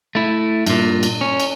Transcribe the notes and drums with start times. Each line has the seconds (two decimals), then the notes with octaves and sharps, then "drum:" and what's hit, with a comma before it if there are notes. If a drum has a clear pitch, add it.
0.15 A3 E4
0.67 G2 A#2, drum: cymbal
1.03 drum: cymbal
1.21 C#4
1.40 drum: cymbal